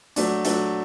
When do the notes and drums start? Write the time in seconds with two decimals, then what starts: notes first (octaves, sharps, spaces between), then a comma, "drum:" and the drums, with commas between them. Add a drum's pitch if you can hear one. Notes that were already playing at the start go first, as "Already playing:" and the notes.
0.16 F#3 A3 D4, drum: hi-hat
0.45 F#3 A3 D4, drum: hi-hat